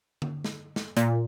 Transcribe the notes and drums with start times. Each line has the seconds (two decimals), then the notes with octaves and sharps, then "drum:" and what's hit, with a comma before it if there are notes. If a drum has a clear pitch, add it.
0.22 drum: tom D3
0.44 drum: snare
0.76 drum: snare
0.97 A#2, drum: hi-hat